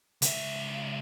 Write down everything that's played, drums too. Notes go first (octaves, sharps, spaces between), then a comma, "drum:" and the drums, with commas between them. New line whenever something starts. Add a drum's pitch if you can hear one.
C#2 E5, drum: hi-hat